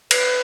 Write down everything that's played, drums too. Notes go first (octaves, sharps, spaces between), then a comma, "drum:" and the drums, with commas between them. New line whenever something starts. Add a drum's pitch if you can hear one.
B4, drum: cymbal